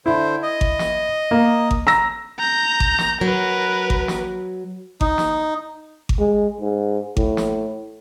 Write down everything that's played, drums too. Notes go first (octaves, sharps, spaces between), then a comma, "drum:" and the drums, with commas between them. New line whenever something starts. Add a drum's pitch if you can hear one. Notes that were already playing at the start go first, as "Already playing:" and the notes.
D3 E4 C5
D#5
drum: kick G#1
drum: snare
A#3
drum: kick G#1
A#5 E6 A#6, drum: snare
A#5 G6
drum: kick G#1
drum: snare
F#3 A#4 B4
drum: kick G#1
drum: snare
D#4, drum: kick G#1
drum: snare
drum: kick G#1
G#3
G#2
A2, drum: kick G#1
drum: snare